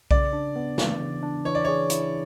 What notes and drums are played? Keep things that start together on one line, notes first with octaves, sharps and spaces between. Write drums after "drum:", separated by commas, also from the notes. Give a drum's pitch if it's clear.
C#3 D5, drum: kick B1
D4
B3
E3, drum: snare
C#3
D4
E3 C#5
D5
G#4 C#5
E4, drum: hi-hat